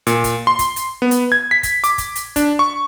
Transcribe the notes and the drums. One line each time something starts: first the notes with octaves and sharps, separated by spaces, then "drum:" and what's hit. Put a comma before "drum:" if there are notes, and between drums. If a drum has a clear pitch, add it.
A#2, drum: hi-hat
drum: kick, hi-hat
C6
drum: kick, hi-hat
drum: hi-hat
B3
drum: hi-hat
G#6
B6
drum: kick, hi-hat
D6, drum: hi-hat
drum: kick, hi-hat
drum: hi-hat
D4, drum: kick, hi-hat
C#6